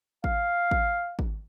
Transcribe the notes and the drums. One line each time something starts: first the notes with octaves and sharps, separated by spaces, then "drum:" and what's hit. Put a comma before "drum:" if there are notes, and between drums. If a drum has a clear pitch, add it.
F5, drum: kick G#1
drum: kick G#1
drum: kick G#1